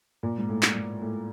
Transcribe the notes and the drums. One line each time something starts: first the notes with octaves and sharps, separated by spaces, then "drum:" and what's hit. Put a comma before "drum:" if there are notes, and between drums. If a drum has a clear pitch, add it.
A#2
G#2
A2
drum: clap
G#2
A2